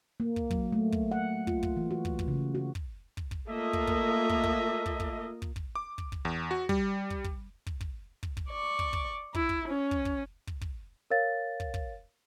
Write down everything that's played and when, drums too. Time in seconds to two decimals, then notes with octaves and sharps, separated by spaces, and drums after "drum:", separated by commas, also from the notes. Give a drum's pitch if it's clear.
0.20 A#3
0.36 drum: kick
0.51 F#3, drum: kick
0.72 A3
0.92 drum: kick
1.11 F#5
1.47 F4, drum: kick
1.63 drum: kick
1.77 E3
1.91 F#4
2.05 drum: kick
2.19 drum: kick
2.28 C#3
2.55 F#4
2.75 drum: kick
3.17 drum: kick
3.31 drum: kick
3.48 A3 A#3 F4 A4 D#5 E5
3.73 drum: kick
3.87 drum: kick
4.29 drum: kick
4.43 drum: kick
4.86 drum: kick
5.00 drum: kick
5.42 drum: kick
5.56 drum: kick
5.76 D6
5.98 drum: kick
6.12 drum: kick
6.25 E2
6.51 F#4
6.69 G3, drum: kick
7.10 drum: kick
7.24 drum: kick
7.67 drum: kick
7.81 drum: kick
8.23 drum: kick
8.37 drum: kick
8.49 D5 C#6
8.79 drum: kick
8.93 drum: kick
9.34 E4, drum: kick
9.49 drum: kick
9.68 C#4
9.91 drum: kick
10.05 drum: kick
10.47 drum: kick
10.61 drum: kick
11.11 A#4 C#5 F5 A6
11.60 drum: kick
11.74 drum: kick